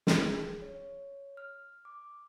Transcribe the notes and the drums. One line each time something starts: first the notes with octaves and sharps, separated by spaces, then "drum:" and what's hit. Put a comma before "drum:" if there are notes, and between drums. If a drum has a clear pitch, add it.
drum: snare
G#4
C#5
F6
D6